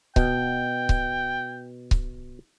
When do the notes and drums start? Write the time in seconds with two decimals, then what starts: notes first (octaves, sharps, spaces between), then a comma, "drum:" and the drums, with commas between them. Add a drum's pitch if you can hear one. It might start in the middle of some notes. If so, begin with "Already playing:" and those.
0.16 B2 G5, drum: kick C#1
0.89 drum: kick C#1
1.91 drum: kick C#1